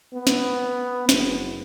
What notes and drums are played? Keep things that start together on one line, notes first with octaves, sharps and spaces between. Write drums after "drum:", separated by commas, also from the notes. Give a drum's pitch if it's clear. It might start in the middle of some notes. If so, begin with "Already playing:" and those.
B3
drum: snare
F#1, drum: snare